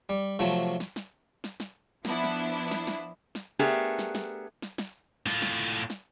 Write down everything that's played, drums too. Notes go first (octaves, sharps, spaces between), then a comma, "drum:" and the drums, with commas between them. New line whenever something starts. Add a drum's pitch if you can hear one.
G3
C3 F3 F#3 A3
drum: snare
drum: snare
drum: snare
drum: snare
F3 B3 D4 E4, drum: snare
drum: snare
drum: snare
drum: snare
drum: snare
A3 B3 D4 G4 G#4 A#4
drum: snare
drum: snare
drum: snare
drum: snare
A2 F4, drum: snare
drum: snare
drum: snare